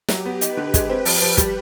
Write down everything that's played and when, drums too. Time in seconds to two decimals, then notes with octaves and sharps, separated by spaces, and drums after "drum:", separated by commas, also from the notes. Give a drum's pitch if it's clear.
0.08 F#3 G4, drum: snare
0.26 B3
0.41 D#4 B4, drum: hi-hat
0.57 D3
0.74 G#3, drum: kick, hi-hat
0.89 C4
1.05 F3, drum: open hi-hat
1.22 F3
1.37 G3, drum: kick, hi-hat